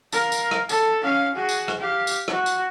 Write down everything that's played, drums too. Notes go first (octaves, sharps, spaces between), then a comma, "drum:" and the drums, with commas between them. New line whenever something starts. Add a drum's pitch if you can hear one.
A#4 F5, drum: tambourine
drum: tambourine
drum: rim click
A4, drum: tambourine
C#4 F5
F#4 G#4
drum: tambourine
drum: rim click
G4 F5
drum: tambourine
F#4, drum: rim click
drum: tambourine